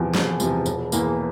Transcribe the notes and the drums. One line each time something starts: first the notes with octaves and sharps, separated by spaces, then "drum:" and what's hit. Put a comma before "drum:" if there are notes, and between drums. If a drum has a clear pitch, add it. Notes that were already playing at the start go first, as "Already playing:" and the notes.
Already playing: E1 E2 C3 F3
E1, drum: snare
E2 C3 F3, drum: tambourine
E1, drum: tambourine
E2 E3 A#3, drum: tambourine